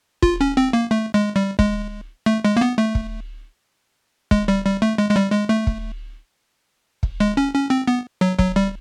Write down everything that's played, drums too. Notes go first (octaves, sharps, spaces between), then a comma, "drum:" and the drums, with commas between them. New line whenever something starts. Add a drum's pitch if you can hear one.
F4, drum: kick
C#4
C4
A#3
A3
G#3
G3
G#3, drum: kick
A3
G#3
A#3
B3
A3
drum: kick
G#3, drum: kick
G3
G3
A3
G#3
G#3
G3
G#3
A3
drum: kick
drum: kick
G#3
C#4
C#4
C4
B3
F#3
F#3, drum: kick
G3